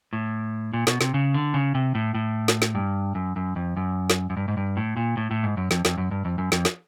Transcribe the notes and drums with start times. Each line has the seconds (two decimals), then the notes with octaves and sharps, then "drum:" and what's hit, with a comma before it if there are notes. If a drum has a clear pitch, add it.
0.13 A2
0.73 A#2
0.87 B2, drum: snare
1.01 C3, drum: snare
1.14 C#3
1.34 D3
1.54 C#3
1.75 C3
1.95 A2
2.15 A2
2.48 drum: snare
2.62 drum: snare
2.75 G2
3.15 F#2
3.36 F#2
3.56 F2
3.77 F#2
4.10 drum: snare
4.30 F#2
4.37 G2
4.48 G#2
4.57 G2
4.77 A2
4.97 A#2
5.17 A2
5.31 A2
5.43 G#2
5.57 F#2
5.71 F2, drum: snare
5.85 F2, drum: snare
5.98 F#2
6.11 G2
6.25 F2
6.38 F#2
6.52 F2, drum: snare
6.65 drum: snare